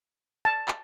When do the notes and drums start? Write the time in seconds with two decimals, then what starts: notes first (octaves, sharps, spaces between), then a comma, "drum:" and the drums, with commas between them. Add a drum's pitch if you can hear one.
0.45 A5
0.68 drum: clap